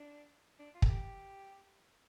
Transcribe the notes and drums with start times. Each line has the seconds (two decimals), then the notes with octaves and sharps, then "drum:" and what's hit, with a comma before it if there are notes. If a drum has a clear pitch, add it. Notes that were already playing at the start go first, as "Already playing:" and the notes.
Already playing: D4
0.59 D4
0.74 F4
0.82 A4, drum: kick
0.89 G4